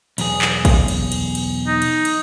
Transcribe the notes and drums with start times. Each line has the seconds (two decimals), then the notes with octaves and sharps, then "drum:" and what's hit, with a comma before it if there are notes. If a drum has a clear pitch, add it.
0.18 B1 E2 G#4, drum: cymbal
0.42 drum: clap
0.65 drum: kick, cymbal
0.88 drum: cymbal
1.12 drum: cymbal
1.35 drum: cymbal
1.67 D#4
1.82 drum: cymbal
2.05 drum: cymbal